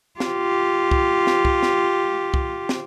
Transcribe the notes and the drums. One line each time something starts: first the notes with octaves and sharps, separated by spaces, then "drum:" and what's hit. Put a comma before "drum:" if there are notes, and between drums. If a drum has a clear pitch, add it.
F4 G4, drum: snare
drum: kick C2
drum: snare
drum: kick C2
drum: snare
drum: kick C2
drum: snare